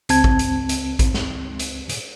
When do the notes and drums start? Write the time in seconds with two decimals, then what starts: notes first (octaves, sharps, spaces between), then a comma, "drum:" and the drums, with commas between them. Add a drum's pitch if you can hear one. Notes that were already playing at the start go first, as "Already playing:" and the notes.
0.09 C#2 C4 A5 G#6, drum: hi-hat
0.24 drum: kick A1
0.39 drum: hi-hat
0.69 drum: hi-hat
0.99 drum: kick A1, hi-hat
1.14 drum: snare
1.59 drum: hi-hat
1.89 drum: hi-hat